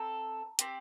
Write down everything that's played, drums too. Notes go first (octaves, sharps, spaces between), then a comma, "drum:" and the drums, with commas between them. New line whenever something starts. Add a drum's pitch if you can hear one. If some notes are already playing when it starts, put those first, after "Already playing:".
Already playing: C4 A4 A#5
C4 G4, drum: hi-hat